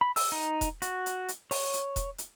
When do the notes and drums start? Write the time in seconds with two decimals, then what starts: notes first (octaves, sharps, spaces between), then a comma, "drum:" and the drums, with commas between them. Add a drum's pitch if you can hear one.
0.01 B5
0.16 E6, drum: open hi-hat
0.32 D#4
0.61 drum: kick E1, hi-hat
0.82 F#4, drum: hi-hat
1.06 drum: hi-hat
1.28 drum: hi-hat
1.51 C#5, drum: open hi-hat
1.73 drum: hi-hat
1.96 drum: kick E1, hi-hat
2.18 drum: hi-hat